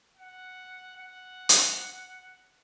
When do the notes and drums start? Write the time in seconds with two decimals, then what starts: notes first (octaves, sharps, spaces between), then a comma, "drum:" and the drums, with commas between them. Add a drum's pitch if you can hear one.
0.17 F#5
0.96 F#5
1.49 drum: hi-hat